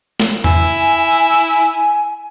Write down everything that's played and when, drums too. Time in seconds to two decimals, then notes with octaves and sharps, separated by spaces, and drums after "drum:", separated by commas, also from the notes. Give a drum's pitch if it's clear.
0.20 drum: snare
0.44 E4 G#5, drum: tom E2